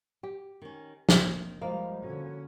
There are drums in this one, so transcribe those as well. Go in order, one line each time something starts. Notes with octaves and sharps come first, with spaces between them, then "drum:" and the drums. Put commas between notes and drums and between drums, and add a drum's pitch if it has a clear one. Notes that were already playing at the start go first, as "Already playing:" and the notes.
G4
D#3 C#4
F1 C3 D#3 A#3 D4, drum: snare
F3 G3 G#3 A#3 D#5 F5
D3 C#4 F#4 A4 C#5